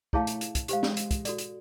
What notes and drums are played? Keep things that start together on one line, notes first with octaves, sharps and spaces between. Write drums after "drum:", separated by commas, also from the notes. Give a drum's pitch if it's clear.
A3 E4 G#4 C#5 F5 A5, drum: kick
drum: hi-hat
drum: hi-hat
drum: kick, hi-hat
G#3 G4 C5 F5, drum: hi-hat
drum: snare
drum: hi-hat
drum: kick, hi-hat
F#4 A4 D5, drum: hi-hat
drum: hi-hat